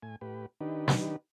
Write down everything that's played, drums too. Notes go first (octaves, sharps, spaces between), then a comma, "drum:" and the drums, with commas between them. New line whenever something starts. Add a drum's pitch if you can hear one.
A2 G#5
A2 G4 B4
D#3 D4 D#4 G4 B4
drum: snare